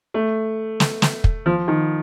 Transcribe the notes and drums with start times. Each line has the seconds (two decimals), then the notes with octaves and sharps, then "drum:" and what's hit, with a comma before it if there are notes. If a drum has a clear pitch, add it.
0.14 A3
0.80 drum: snare
1.02 drum: snare
1.24 drum: kick
1.46 F3
1.68 D#3